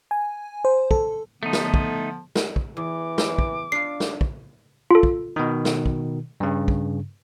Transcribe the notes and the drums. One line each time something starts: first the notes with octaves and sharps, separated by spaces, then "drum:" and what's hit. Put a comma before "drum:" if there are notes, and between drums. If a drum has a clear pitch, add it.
G#5
C5
A4, drum: kick
D3 F3 A3 B3 D#4
drum: snare
drum: kick
drum: snare
drum: kick
E2 E3 D6
drum: snare
drum: kick
D4 F4 C7
drum: snare
drum: kick
F4 A4
drum: kick
B2 D#3
drum: snare
drum: kick
G2 C#3
drum: kick